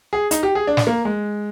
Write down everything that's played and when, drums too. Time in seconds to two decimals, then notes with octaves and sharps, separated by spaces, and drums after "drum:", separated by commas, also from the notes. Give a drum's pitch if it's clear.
0.13 G#4
0.31 D#4, drum: hi-hat
0.43 G4
0.55 G#4
0.67 D4
0.77 drum: snare
0.87 A#3
1.05 G#3